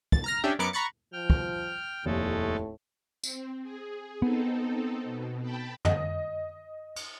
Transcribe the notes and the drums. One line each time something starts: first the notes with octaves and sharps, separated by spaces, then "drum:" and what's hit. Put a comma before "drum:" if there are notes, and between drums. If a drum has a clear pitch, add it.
A6, drum: kick
A#5 F6 A#6
C#4 D4 G4 E5 G5
F#2 B3 A#4 B4 D6 C#7
A#5 B5 C#6 F#6 A6 C#7
F3 G5 F6
drum: kick
F1 D#2 A2 G#3 A3 A4
C4, drum: tambourine
G#4
B3 C4 D#4 A4
B2
G5 A5 B5
D#5, drum: tom
drum: cymbal